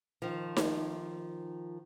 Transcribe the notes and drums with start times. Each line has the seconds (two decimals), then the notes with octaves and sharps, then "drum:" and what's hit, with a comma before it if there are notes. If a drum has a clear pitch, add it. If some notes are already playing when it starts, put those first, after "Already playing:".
0.22 D#3 F3
0.57 drum: snare D#4